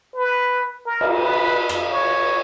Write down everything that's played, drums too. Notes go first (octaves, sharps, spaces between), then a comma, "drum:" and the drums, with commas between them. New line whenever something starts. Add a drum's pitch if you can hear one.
B4
A#4
drum: cymbal
B4
drum: rim click
C#5